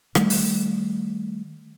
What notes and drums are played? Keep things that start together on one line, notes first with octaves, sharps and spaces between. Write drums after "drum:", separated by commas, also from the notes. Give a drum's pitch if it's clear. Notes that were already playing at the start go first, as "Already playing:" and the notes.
D#3 G3 A3, drum: rim click
drum: open hi-hat